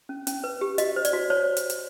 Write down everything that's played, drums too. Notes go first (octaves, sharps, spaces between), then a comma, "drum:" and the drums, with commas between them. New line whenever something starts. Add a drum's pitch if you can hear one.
C#4
C#4, drum: hi-hat
B4
G4
F#4 D#5, drum: hi-hat
C5
D5, drum: hi-hat
F#4
C5 C#5
drum: hi-hat
drum: hi-hat